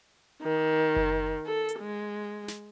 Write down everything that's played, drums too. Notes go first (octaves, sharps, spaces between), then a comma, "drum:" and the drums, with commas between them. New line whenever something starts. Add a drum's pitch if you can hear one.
D#3
drum: kick F#1
A4
drum: hi-hat
G#3
drum: snare